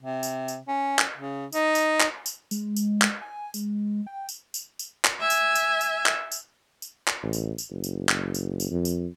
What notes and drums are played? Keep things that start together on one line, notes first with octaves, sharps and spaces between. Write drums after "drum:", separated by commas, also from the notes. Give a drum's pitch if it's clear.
C3
drum: tambourine
drum: tambourine
C#4
drum: clap
C#3
D#4, drum: tambourine
drum: tambourine
drum: clap
drum: tambourine
G#3, drum: tambourine
drum: tambourine
drum: clap
G#5
G#3, drum: tambourine
G5
drum: tambourine
drum: tambourine
drum: tambourine
drum: clap
E5 G#5
drum: tambourine
drum: tambourine
drum: tambourine
drum: clap
drum: tambourine
drum: tambourine
drum: clap
A1
drum: tambourine
drum: tambourine
F#1
drum: tambourine
drum: clap
drum: tambourine
drum: tambourine
F2
drum: tambourine